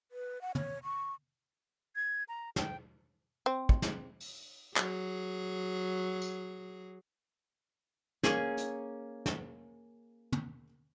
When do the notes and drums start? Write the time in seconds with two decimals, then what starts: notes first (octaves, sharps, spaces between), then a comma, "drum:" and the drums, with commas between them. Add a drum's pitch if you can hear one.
0.11 B4
0.41 F#5
0.55 C#5, drum: tom
0.84 C#6
1.96 G#6
2.29 A#5
2.56 G5, drum: snare
3.46 C4
3.69 drum: kick
3.82 drum: snare
4.20 drum: open hi-hat
4.76 F#3 G#4, drum: clap
6.22 drum: tambourine
8.23 A#3 C#4 G#4 C#6, drum: snare
8.58 drum: hi-hat
9.26 drum: snare
10.32 drum: tom